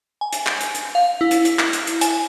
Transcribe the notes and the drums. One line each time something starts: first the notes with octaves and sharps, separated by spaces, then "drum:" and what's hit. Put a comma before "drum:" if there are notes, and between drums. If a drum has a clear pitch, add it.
G#5
drum: hi-hat
drum: clap
drum: hi-hat
drum: hi-hat
F5
E4
drum: hi-hat
drum: hi-hat
drum: clap
drum: hi-hat
drum: hi-hat
G#5, drum: hi-hat